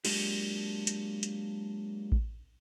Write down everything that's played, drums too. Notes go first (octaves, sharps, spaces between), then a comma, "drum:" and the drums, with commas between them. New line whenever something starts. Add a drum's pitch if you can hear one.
F#3 G#3 A#3 D4 F4 G4, drum: cymbal
drum: hi-hat
drum: hi-hat
drum: kick A1